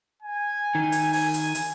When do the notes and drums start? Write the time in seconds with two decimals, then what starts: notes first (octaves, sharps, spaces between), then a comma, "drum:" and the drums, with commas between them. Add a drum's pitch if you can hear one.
0.22 G#5
0.75 D#3
0.92 drum: hi-hat
1.13 G#5, drum: open hi-hat
1.34 drum: hi-hat
1.55 drum: hi-hat